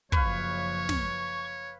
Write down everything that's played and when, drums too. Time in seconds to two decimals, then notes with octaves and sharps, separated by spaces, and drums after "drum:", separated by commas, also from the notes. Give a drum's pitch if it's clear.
0.12 F#1 F3 B4 C#5 F5 C#6, drum: kick
0.89 drum: snare